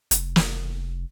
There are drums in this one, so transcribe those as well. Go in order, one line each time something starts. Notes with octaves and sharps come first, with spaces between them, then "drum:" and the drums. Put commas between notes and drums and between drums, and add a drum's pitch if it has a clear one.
F1, drum: hi-hat
drum: snare